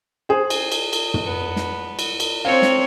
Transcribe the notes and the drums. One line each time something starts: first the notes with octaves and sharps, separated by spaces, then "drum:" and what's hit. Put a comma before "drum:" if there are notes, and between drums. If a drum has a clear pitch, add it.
G#4 C5
drum: cymbal
drum: cymbal
drum: cymbal
drum: tom
B3
drum: snare
drum: cymbal
drum: cymbal
C4 C5 C#5 F5
drum: snare